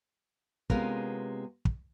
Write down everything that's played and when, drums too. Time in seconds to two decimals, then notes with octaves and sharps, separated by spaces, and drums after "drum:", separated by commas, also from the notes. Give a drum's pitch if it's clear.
0.70 C3 G#3 B3 C#4 F4 A#4, drum: kick
1.65 drum: kick